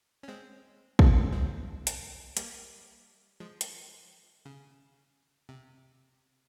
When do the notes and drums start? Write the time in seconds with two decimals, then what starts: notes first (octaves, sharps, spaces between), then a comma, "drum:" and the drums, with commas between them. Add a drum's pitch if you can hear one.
0.23 C#4
0.28 G#3 C4
0.99 drum: kick
1.33 G#3 C4
1.87 drum: hi-hat
2.37 G3 A#3, drum: hi-hat
3.40 F3 G#3
3.61 drum: hi-hat
4.45 C#3
5.49 C3